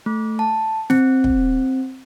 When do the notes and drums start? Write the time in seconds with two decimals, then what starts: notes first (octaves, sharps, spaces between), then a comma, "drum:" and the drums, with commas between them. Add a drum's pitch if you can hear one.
0.06 A3
0.39 A5
0.90 C4, drum: snare
1.24 drum: kick